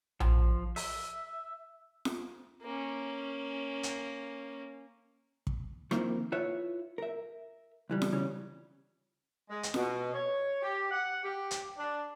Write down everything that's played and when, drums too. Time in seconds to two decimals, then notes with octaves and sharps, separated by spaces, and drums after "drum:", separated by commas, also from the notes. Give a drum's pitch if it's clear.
0.20 F3, drum: tom A#1
0.76 E5, drum: open hi-hat
2.05 drum: snare F4
2.62 A#3 C#4
3.83 drum: hi-hat
5.47 drum: kick
5.91 D#3 F3 A#3 C4 E4, drum: rim click
6.32 E4 F4 B4 C#5 E5 F5
6.98 A#4 E5
7.90 C#2 E3 G3
8.02 drum: snare F4
8.13 C#3 E3 G3 C#4
9.49 G#3
9.63 drum: hi-hat
9.74 B2, drum: snare F4
10.13 C#5
10.62 G4
10.90 F#5
11.23 G4
11.51 drum: hi-hat
11.77 D4